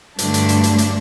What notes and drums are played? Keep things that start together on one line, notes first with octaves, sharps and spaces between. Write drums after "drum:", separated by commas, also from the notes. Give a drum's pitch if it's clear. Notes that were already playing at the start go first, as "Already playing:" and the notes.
G2 D3 A3 D4, drum: hi-hat
drum: hi-hat
drum: hi-hat
drum: hi-hat
drum: hi-hat